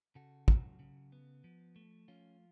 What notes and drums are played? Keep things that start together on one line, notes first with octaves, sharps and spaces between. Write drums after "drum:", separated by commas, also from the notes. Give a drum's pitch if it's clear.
C#3 F#4 A4
F#3, drum: kick
C#3
B3
F3
A3
F3 C#4 F4